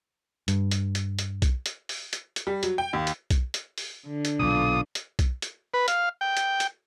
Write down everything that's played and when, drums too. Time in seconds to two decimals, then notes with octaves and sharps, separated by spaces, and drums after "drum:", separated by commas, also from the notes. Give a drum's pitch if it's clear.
0.48 G2, drum: hi-hat
0.71 drum: hi-hat
0.95 drum: hi-hat
1.19 drum: hi-hat
1.42 drum: kick B1, hi-hat
1.66 drum: hi-hat
1.89 drum: open hi-hat
2.13 drum: hi-hat
2.36 drum: hi-hat
2.47 G3
2.63 F#3, drum: hi-hat
2.78 G5
2.93 D#2
3.07 drum: hi-hat
3.30 drum: kick B1, hi-hat
3.54 drum: hi-hat
3.78 drum: open hi-hat
4.07 D3
4.25 drum: hi-hat
4.39 B1 A#2 F4 A4 D6 D#6
4.95 drum: hi-hat
5.19 drum: kick B1, hi-hat
5.42 drum: hi-hat
5.74 B4
5.88 F5, drum: hi-hat
6.21 G5
6.37 drum: hi-hat
6.60 drum: hi-hat